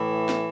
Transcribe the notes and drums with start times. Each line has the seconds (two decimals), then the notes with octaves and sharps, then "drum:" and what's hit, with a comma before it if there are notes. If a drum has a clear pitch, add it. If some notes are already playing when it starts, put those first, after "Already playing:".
Already playing: A2 E3
0.29 drum: snare